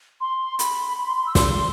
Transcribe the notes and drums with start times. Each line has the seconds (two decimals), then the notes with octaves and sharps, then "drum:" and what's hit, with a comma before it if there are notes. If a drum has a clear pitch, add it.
0.21 C6
0.59 B5, drum: hi-hat
0.97 B5
1.07 C6
1.17 C6
1.26 E6
1.35 C6, drum: snare